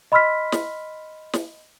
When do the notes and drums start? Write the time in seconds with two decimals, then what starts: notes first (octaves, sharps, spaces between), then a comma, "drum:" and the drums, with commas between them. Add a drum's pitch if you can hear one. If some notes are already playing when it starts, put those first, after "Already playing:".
0.12 D#5 B5 C6 E6 F6 B6
0.52 drum: snare
1.33 drum: snare